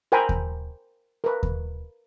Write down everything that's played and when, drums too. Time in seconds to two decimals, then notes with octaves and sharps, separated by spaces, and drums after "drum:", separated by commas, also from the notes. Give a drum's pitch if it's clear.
0.12 A#4 C5 G5 G#5 A#5 B5
0.29 drum: kick D#2
1.24 A#4 B4
1.43 drum: kick D#2